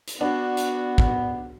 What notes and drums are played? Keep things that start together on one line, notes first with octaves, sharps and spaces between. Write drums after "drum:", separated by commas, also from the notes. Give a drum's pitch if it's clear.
drum: hi-hat
B3 D4 F#4
drum: hi-hat
drum: kick